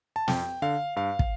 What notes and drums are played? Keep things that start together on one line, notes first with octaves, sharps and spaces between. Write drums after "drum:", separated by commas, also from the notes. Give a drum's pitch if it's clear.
A5
F2 G5, drum: snare
D3 F5
G2 F5
drum: kick